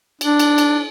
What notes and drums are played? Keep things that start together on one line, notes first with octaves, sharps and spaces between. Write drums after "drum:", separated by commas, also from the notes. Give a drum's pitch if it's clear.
D4, drum: cymbal
drum: cymbal
drum: cymbal